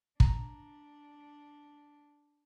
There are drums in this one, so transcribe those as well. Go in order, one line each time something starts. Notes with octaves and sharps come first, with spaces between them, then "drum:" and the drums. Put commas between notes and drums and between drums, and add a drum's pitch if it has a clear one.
D4 A#5, drum: kick